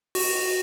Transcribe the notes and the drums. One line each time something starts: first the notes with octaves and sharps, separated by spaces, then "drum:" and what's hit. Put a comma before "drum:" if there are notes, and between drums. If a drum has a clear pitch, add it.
F#4, drum: open hi-hat